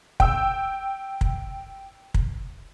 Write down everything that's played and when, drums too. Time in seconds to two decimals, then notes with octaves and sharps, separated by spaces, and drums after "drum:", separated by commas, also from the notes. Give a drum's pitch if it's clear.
0.20 G5 E6, drum: kick
1.21 drum: kick
2.14 drum: kick